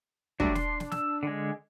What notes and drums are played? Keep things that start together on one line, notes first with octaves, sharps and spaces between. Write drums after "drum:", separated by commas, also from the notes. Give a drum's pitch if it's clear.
F#3 G3 A3 D4, drum: kick
C6, drum: snare
drum: snare
E6, drum: snare
D3 G#3